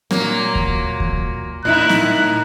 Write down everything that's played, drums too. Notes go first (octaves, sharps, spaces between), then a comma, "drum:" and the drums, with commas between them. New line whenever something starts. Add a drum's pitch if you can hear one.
A#2 F#3 A#3, drum: snare C4
drum: kick D#2
drum: kick D#2
A2 D#4 E4 F#6
drum: snare C4